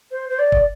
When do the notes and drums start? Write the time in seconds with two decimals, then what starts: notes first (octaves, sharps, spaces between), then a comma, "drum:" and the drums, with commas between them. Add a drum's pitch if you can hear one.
0.11 C5
0.29 C5
0.38 D5
0.52 drum: kick